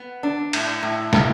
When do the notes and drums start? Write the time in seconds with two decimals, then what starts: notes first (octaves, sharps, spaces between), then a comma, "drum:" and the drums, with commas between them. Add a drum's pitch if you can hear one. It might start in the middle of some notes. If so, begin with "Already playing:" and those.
Already playing: B3
0.23 D4
0.53 A2, drum: cymbal
0.83 A2
1.13 A2, drum: snare